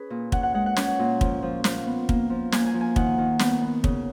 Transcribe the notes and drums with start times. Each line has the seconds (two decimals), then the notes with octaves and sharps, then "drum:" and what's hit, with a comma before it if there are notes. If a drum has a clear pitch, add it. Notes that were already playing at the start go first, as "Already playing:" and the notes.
Already playing: C#4 G#4 B4
0.10 A#2
0.32 C#4 F#5, drum: kick
0.43 F#5
0.54 G#3 F#5
0.66 F#5
0.76 C#4 F#5, drum: snare
0.99 A#2
1.21 F3, drum: kick
1.42 F3
1.64 F3 F5, drum: snare
1.86 B3
2.09 A#3, drum: kick
2.30 F3
2.52 A#3 G#5, drum: snare
2.66 G#5
2.74 F3
2.81 G#5
2.96 D#3 F#5, drum: kick
3.18 D#3
3.39 B3, drum: snare
3.62 B3
3.84 C#3, drum: kick